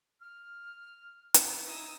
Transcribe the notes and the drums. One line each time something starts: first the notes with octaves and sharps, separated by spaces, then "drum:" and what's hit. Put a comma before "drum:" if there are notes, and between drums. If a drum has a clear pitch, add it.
F6
drum: hi-hat
C#4 D#4 E4 D#6 E6